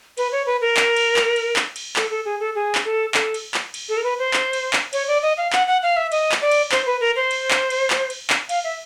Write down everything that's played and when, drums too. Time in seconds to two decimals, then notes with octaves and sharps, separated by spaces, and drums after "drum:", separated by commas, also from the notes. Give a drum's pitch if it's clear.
0.17 B4, drum: cymbal
0.32 C#5
0.46 B4
0.61 A#4
0.77 drum: clap
0.96 drum: cymbal
1.16 drum: clap
1.36 drum: cymbal
1.56 drum: clap
1.76 drum: cymbal
1.96 A4, drum: clap
2.10 A4
2.25 G#4
2.40 A4
2.55 G#4
2.75 drum: clap
2.85 A4
3.14 A4, drum: clap
3.34 drum: cymbal
3.54 drum: clap
3.74 drum: cymbal
3.89 A4
3.97 A#4
4.04 B4
4.19 C5
4.33 drum: clap
4.53 drum: cymbal
4.73 drum: clap
4.93 C#5, drum: cymbal
5.08 D5
5.23 D#5
5.37 F5
5.53 F#5, drum: clap
5.67 F#5
5.83 F5
5.97 E5
6.12 D#5, drum: cymbal
6.32 drum: clap
6.41 D5
6.51 drum: cymbal
6.72 C5, drum: clap
6.86 B4
7.01 A#4
7.16 C5
7.31 drum: cymbal
7.51 drum: clap
7.70 drum: cymbal
7.90 drum: clap
8.10 drum: cymbal
8.30 drum: clap
8.49 F5, drum: cymbal
8.64 E5